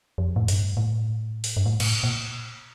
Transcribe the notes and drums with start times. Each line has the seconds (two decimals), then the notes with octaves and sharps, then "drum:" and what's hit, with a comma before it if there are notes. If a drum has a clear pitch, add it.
0.18 F2
0.36 A2
0.48 G2, drum: open hi-hat
0.77 A2
1.44 drum: open hi-hat
1.57 G2
1.66 A2
1.80 A2, drum: cymbal
2.03 A#2